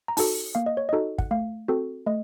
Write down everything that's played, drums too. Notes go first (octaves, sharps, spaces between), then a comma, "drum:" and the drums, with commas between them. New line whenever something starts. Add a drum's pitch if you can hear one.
A#5
D#4 F#4 A4 A5, drum: open hi-hat
A#3 F5
D#5
C#5
D#4 F#4 A4 D#5
F#5, drum: kick
A3 F5
C4 F#4 A4
A3 D#5